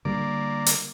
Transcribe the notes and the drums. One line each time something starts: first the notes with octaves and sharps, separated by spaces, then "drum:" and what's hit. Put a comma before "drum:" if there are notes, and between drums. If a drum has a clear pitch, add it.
D3 G3 A#3 D5
drum: hi-hat